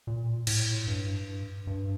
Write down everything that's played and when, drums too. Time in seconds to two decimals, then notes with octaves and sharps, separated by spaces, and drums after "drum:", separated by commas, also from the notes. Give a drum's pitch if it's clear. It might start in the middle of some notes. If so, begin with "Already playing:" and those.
0.07 A#2
0.47 A2, drum: cymbal
0.87 G2
1.67 G2